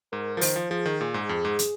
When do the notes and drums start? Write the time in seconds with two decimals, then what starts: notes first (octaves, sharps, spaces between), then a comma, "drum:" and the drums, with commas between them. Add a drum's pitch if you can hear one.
0.12 G#2 A#4
0.37 F3 A#4
0.41 D#3 C5, drum: open hi-hat
0.56 F3
0.70 F3 G#4
0.86 D#3
1.00 A#2 G#4
1.14 G#2
1.29 F2
1.45 G#2
1.59 drum: hi-hat